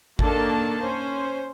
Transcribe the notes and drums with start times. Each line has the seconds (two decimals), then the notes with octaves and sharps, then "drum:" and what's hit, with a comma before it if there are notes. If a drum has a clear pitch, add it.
0.19 D#3 A#3 D4 A4 A5, drum: kick G#1
0.80 C#4 C5